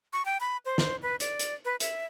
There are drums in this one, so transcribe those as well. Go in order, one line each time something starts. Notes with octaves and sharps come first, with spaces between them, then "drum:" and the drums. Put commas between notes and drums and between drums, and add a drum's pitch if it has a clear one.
C#6
G5
B5
C5
drum: snare
B4
D5, drum: hi-hat
drum: hi-hat
B4
E5, drum: hi-hat